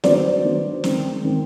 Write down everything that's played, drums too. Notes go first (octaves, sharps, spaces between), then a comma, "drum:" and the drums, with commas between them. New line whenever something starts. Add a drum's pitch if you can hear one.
D#3 F#3 B3 D4 C5 D5, drum: snare
D#3 F#3 B3 D4
D#3 G#3 C4, drum: snare
D#3 G#3 C4